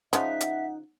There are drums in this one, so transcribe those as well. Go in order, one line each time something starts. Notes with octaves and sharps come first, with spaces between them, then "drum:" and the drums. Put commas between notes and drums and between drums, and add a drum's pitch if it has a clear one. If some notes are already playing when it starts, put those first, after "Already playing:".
C#3 F3 D#4 E5 F#5, drum: hi-hat
drum: hi-hat